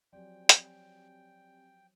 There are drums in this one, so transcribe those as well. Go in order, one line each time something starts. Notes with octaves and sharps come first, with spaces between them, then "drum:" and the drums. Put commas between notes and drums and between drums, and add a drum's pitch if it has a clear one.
F3 F#3 C4 G4 D5 G5 G#5
drum: hi-hat